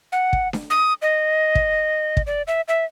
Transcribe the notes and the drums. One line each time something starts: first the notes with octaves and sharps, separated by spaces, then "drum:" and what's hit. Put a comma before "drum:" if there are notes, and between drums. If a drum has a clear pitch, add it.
F#5
drum: kick
drum: snare D4
D#6
D#5
drum: kick
drum: kick
D5
E5
E5